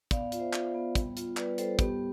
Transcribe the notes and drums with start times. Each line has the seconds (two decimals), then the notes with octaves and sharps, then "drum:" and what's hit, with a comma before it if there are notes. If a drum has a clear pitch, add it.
0.11 B3 D5 F5, drum: kick, hi-hat
0.32 F4, drum: hi-hat
0.39 C5 E5
0.53 F4, drum: clap
0.74 B3
0.95 G3, drum: kick, hi-hat
1.17 F4, drum: hi-hat
1.37 G3 B4 D5, drum: clap
1.58 G3 A4 C5, drum: hi-hat
1.79 B3 G4, drum: kick, hi-hat